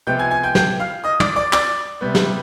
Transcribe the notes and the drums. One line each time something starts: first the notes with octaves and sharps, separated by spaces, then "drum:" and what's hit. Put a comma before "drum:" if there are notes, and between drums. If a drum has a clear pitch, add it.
C3 F3 G#3 B3 G5 G6
G#5 G#6
G#5 G#6
G5 G6
G5 G6, drum: snare
F5 F6
D#5 D#6
D5 D6, drum: tom
D5 D6
D5 D6, drum: clap
C3 G3 B3
drum: snare